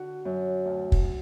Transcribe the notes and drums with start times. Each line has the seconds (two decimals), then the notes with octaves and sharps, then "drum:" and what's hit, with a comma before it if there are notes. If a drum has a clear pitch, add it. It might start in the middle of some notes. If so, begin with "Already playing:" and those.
Already playing: D3 F#4
0.25 F#2
0.65 D2
0.92 drum: kick